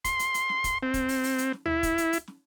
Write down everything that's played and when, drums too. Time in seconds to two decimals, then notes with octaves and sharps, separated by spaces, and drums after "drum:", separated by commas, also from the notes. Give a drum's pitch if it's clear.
0.05 C6, drum: kick, hi-hat
0.19 drum: hi-hat
0.34 drum: hi-hat
0.49 drum: snare
0.64 drum: kick, hi-hat
0.83 C4
0.94 drum: kick, hi-hat
1.09 drum: open hi-hat
1.23 drum: open hi-hat
1.38 drum: hi-hat
1.53 drum: snare
1.66 E4, drum: tom D2
1.83 drum: kick, hi-hat
1.98 drum: hi-hat
2.13 drum: hi-hat
2.28 drum: snare